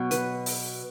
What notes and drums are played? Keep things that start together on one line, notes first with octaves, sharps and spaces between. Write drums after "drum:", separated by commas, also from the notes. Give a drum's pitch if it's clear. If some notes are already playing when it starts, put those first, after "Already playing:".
Already playing: B2 F#3 C#5
B4, drum: hi-hat
drum: open hi-hat